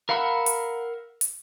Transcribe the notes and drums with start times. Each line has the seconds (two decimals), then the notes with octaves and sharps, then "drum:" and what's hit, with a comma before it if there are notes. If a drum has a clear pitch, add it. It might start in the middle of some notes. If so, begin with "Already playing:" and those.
0.09 A#4 F5 F#5 B5 E6
0.46 drum: hi-hat
1.21 drum: hi-hat